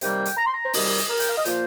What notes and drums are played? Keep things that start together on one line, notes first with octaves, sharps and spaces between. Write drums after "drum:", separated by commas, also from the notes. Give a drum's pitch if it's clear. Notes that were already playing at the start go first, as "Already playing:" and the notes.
C3 D#3 G3 A#3 G5, drum: hi-hat
drum: hi-hat
A#5
C6
A#5
C5
C3 D#3 G3 A#3 D#5, drum: open hi-hat
drum: hi-hat
A#4
G5, drum: hi-hat
F5
D#5
A#2 F3 A#3 C5, drum: hi-hat